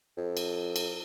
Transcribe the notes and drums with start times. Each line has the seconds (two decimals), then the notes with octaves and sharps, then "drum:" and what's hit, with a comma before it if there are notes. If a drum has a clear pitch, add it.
0.17 F2
0.37 drum: cymbal
0.76 drum: cymbal